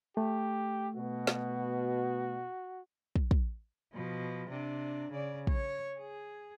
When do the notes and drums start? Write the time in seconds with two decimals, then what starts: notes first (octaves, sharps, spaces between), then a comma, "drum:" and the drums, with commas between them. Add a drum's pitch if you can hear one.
0.17 A3 G4
0.96 B2 F#4
1.27 drum: snare
3.16 drum: kick
3.31 drum: kick
3.93 B2 F3
4.50 C3 D4
5.11 C#3 D5
5.47 C#5, drum: kick
5.99 G#4